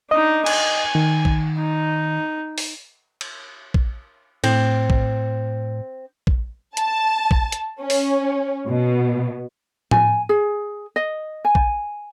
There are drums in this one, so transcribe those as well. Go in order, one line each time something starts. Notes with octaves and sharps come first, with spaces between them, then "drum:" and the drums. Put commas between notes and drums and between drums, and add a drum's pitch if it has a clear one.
D4 D#4 D#5 D#6
G#5, drum: cymbal
D#3
drum: kick A#1
D#4
drum: open hi-hat
drum: cymbal
drum: kick A#1
A2 C4, drum: cymbal
drum: kick A#1
drum: kick A#1
A5, drum: hi-hat
drum: kick A#1
drum: hi-hat
C#4
drum: open hi-hat
B2
G#5, drum: tom A2
G#4
D#5
G#5
drum: kick A#1